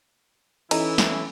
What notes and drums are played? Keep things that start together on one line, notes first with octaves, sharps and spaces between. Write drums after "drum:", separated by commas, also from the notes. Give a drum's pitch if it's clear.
E3 C#4 D#4 E4 A4, drum: cymbal
drum: snare